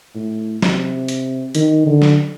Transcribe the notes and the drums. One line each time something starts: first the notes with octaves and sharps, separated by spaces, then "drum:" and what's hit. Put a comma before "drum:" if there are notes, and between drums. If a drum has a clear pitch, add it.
A2
C3, drum: snare
drum: hi-hat
D#3, drum: hi-hat
D3
drum: snare